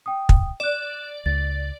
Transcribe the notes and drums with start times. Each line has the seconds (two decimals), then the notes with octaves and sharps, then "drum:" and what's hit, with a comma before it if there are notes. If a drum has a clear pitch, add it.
0.06 G5 D#6
0.29 drum: kick
0.60 D5 F#6 E7
1.26 C#2 A6